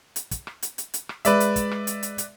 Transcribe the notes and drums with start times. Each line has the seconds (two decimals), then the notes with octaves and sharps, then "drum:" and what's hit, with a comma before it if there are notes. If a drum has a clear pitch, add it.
0.16 drum: hi-hat
0.31 drum: kick, hi-hat
0.47 drum: rim click
0.62 drum: hi-hat
0.78 drum: hi-hat
0.94 drum: hi-hat
1.09 drum: rim click
1.25 G#3 B4 D5 E5, drum: hi-hat
1.40 drum: hi-hat
1.56 drum: kick, hi-hat
1.71 drum: rim click
1.87 drum: hi-hat
2.03 drum: hi-hat
2.18 drum: hi-hat